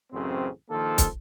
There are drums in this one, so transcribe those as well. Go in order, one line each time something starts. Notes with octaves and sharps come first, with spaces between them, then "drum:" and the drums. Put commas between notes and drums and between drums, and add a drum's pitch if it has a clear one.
A1 F#2 C#3 C4
A#1 D#3 F3 A#3 A4
drum: kick, hi-hat